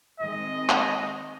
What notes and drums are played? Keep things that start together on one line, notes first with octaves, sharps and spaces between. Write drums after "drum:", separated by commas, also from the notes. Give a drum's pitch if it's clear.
D#3 G#3 C4 D#5
drum: clap